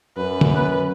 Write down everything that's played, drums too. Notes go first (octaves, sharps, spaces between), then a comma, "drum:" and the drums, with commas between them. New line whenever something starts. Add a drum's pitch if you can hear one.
F#2 B4
drum: tom